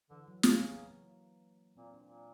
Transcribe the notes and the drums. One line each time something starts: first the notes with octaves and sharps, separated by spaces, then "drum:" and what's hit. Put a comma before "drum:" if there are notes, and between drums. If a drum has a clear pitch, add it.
D3 E3
F#3
C#3 A#3, drum: snare
A#2 C4
D4
A#2